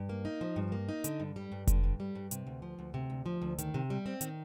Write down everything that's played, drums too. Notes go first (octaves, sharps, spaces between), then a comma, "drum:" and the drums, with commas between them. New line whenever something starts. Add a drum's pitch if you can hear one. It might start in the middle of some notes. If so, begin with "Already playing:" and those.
Already playing: G2
A#3
D#4
F3
G2
A#3
D#4
D3, drum: hi-hat
G2
G3
G2
D3, drum: kick F1, hi-hat
G2
G3
G2
C3, drum: hi-hat
D2
F3
D2
C3
D2
F3
D2
D#3, drum: hi-hat
C3
G3
C4
D#3, drum: hi-hat